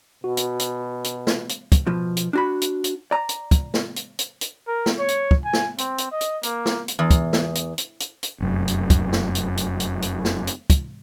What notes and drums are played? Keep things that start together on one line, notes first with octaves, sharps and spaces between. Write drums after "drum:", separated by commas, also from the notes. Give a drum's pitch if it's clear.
B2 F#4
drum: hi-hat
drum: hi-hat
drum: hi-hat
drum: snare
drum: hi-hat
drum: kick, hi-hat
B2 F3
drum: hi-hat
D4 F#4 B5
drum: hi-hat
drum: hi-hat
D5 A#5
drum: hi-hat
drum: kick, hi-hat
drum: snare
drum: hi-hat
drum: hi-hat
drum: hi-hat
A#4
drum: snare
C#5
drum: hi-hat
drum: kick
G#5
drum: snare
C4, drum: hi-hat
drum: hi-hat
D#5
drum: hi-hat
A#3, drum: hi-hat
drum: snare
drum: hi-hat
E2
drum: kick, hi-hat
drum: snare
drum: hi-hat
drum: hi-hat
drum: hi-hat
drum: hi-hat
F1 F#2
drum: hi-hat
drum: kick, hi-hat
drum: snare
drum: hi-hat
drum: hi-hat
drum: hi-hat
drum: hi-hat
drum: snare
drum: hi-hat
drum: kick, hi-hat